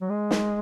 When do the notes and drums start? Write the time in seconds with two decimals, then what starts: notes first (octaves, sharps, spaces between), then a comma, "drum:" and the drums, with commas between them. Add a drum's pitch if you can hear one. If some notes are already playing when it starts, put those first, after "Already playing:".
0.01 F#3
0.09 G#3
0.31 drum: snare